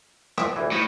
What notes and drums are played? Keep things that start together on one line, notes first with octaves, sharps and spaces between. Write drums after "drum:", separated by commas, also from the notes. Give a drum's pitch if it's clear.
E5, drum: rim click
A1 D2 E3
A2 D#4